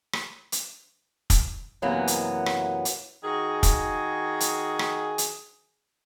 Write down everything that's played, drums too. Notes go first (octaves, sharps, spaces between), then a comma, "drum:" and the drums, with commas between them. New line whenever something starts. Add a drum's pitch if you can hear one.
drum: rim click
drum: hi-hat
drum: kick, hi-hat
F#2 C3 E3 F#3 A#3 B3
drum: hi-hat
drum: rim click
drum: hi-hat
D#3 F#4 G#4
drum: kick, hi-hat
drum: hi-hat
drum: rim click
drum: hi-hat